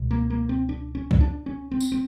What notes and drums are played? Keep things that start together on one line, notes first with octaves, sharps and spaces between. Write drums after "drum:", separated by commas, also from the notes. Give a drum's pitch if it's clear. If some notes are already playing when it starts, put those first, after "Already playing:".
Already playing: C#2 B2
A#3
A#3
C4
D4
C#4
drum: kick C2
D4
C#4
C4
drum: tambourine
C4